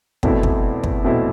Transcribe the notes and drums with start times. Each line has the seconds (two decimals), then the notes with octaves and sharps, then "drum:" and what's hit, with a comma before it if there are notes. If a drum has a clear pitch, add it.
0.23 E2 B2 A3 C4 E4, drum: kick
0.43 drum: kick
0.84 drum: kick
1.04 E2 B2 A3 C4 E4